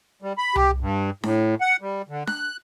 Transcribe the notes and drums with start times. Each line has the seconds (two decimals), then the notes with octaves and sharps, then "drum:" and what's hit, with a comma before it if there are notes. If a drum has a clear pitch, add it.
0.22 G3
0.38 B5
0.56 G4, drum: tom C2
0.80 G2
1.24 A2, drum: snare D4
1.61 F#5
1.81 G3
2.08 D3
2.27 F#6, drum: snare D4